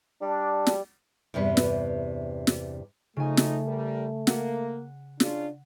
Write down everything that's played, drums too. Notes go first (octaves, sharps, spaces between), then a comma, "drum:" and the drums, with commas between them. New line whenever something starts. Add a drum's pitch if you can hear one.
G3 D4
drum: snare
E2 G2 C3 B4
drum: snare
drum: snare
C#3 F3 A3 D#4 G#5
drum: snare
G3 A#4
A#3 F#5, drum: snare
C#3 D4 F4, drum: snare